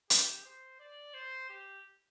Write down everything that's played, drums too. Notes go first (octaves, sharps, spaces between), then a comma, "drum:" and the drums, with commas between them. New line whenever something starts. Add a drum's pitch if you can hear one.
G4, drum: hi-hat
C5
D5
C5
G4